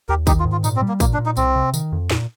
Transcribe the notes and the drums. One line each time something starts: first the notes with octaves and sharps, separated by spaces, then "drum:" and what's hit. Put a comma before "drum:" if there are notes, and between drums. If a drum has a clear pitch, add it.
D#2 G4 A#4
D#3 D#4 G4, drum: kick, tambourine
F4
G#2
F4
A#2 D#4, drum: tambourine
C4
G3
A#3
A#2 A#3, drum: kick, tambourine
D4
A#2
D#4
C2 C4, drum: tambourine
C3
D#3, drum: tambourine
F2
A#2, drum: snare